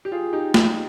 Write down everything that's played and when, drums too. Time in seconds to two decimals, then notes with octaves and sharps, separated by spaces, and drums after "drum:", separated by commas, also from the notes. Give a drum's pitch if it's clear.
0.05 G4
0.12 F4 G#4
0.33 D#4 G4
0.54 D#4 G4, drum: snare A3